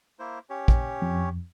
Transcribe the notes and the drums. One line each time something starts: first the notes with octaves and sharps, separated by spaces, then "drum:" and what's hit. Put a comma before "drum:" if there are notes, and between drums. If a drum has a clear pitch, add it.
A#3 E4 C5
C#4 G4 C#5
drum: kick
F2